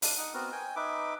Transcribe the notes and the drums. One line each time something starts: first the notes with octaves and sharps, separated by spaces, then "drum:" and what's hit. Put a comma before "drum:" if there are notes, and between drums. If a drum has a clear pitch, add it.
D4 F5, drum: open hi-hat
D#4 F#5
B3 C4 F#4 A#4
G5 G#5
D#4 B4 E5 D6